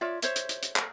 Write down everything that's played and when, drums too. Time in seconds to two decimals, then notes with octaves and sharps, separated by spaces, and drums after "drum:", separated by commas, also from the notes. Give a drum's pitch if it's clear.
0.01 F4 C#5 D5 E5
0.22 C5 C#5 E5, drum: hi-hat
0.36 drum: hi-hat
0.49 drum: hi-hat
0.63 drum: hi-hat
0.76 drum: clap